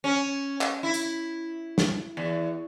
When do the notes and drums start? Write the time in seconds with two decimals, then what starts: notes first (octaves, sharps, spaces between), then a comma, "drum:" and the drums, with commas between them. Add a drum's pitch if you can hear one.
0.04 C#4
0.61 drum: clap
0.83 E4
0.94 drum: tambourine
1.78 drum: snare
2.17 E2